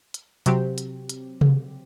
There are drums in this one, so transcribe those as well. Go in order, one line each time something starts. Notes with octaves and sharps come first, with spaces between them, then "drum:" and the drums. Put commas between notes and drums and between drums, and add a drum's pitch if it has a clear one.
drum: hi-hat
C3 F#3 C4 G4, drum: hi-hat
drum: hi-hat
drum: hi-hat
drum: tom C3